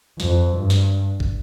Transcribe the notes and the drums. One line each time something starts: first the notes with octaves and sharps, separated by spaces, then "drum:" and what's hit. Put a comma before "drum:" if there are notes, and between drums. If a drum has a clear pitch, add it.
F2, drum: snare
G2
drum: snare
drum: kick